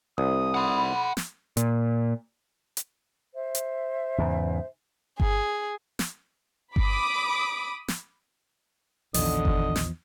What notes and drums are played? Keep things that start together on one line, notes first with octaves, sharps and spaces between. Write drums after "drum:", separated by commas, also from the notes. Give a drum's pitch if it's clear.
C2 D#6
F#5 B5 C6
drum: snare
A#2, drum: hi-hat
drum: hi-hat
C5 E5
drum: hi-hat
E2 G#2 C#3
G#4, drum: kick G1
drum: snare
B5 D6 D#6, drum: kick G1
drum: snare
A#1 E2 D3 D#3 F3 D#5, drum: open hi-hat
drum: kick G1
drum: snare